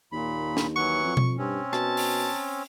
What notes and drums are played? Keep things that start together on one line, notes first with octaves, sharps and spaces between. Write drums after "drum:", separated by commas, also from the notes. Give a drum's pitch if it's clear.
D#2 A#2 B5
drum: snare
E3 F#3 F#5 C#6
F2
drum: tom B2
G2 C4 C#4
B2 A5, drum: rim click
drum: open hi-hat